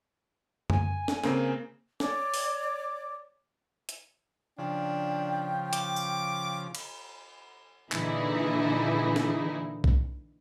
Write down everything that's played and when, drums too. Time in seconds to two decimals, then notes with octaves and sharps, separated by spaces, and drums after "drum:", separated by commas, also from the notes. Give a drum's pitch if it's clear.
0.70 G#5, drum: tom F#2
1.08 drum: snare
1.24 C#3 A#3 C4, drum: snare
2.00 C#5 D5 D6, drum: snare
2.34 drum: open hi-hat
3.89 drum: hi-hat
4.58 C#3 F3 D4 G5
5.73 D6, drum: hi-hat
5.96 drum: tambourine
6.75 drum: cymbal
7.92 A#2 D3 E3 D#4 E4 G#4, drum: clap
9.16 drum: snare
9.84 drum: kick B1